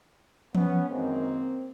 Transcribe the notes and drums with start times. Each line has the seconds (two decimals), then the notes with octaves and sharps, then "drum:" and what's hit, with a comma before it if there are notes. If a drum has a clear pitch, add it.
0.55 B3 C#4, drum: tom E3
0.89 F#2 D#3 G#3 A#3 C4